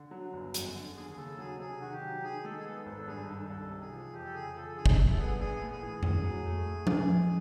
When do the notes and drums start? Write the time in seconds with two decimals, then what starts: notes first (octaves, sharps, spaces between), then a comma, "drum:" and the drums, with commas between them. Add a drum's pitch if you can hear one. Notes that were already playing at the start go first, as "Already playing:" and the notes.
Already playing: D3
0.11 F#3
0.33 G1
0.54 F#2, drum: hi-hat
0.75 D3
0.96 D#2 G#4
1.11 G#4
1.17 C#3 A4
1.38 F#3 G#4
1.59 C3 G#4
1.80 D#3 F#4
1.91 G4
2.01 F#3
2.23 D#3 G#4
2.44 G#3 A4
2.60 G#4
2.65 B3 A4
2.86 G#1 A4
3.07 G2 G#4
3.28 D#3 A4
3.49 C2 A4
3.71 C3
3.81 G#4
3.92 F3
4.13 F2 G4
4.25 A4
4.34 C#3 G#4
4.55 F3 A4
4.76 D3 G#4
4.86 drum: kick
4.98 G3
5.11 A4
5.18 B3 G#4
5.39 A#1 G#4
5.61 A2
5.71 G#4
5.82 E3
6.03 A2, drum: tom F2
6.24 F#3
6.45 A3
6.66 A2
6.87 E3, drum: tom F3
7.08 G#3